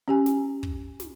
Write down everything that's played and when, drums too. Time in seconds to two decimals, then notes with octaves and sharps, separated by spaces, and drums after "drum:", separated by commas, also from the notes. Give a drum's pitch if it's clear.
0.08 C#4 G4 G#5
0.26 drum: snare
0.63 drum: kick
1.00 drum: snare